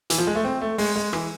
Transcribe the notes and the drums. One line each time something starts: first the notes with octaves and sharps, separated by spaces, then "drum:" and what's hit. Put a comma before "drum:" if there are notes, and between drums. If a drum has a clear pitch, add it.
E3, drum: hi-hat
F3
G#3
A3
C4
A3
G#3, drum: open hi-hat
G#3
E3, drum: rim click